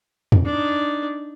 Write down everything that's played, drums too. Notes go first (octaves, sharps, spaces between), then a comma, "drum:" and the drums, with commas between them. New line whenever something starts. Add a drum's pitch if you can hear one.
drum: tom E2
D4 D#4